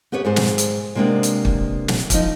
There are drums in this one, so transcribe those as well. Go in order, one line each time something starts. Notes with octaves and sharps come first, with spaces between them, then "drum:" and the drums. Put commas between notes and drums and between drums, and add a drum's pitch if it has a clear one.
B3 G4 B4 C#5
G#2 G#4 C5
drum: snare
drum: hi-hat
C3 G#3 A#3 B3 D4
drum: hi-hat
drum: kick
drum: snare
F3 D#4, drum: kick, hi-hat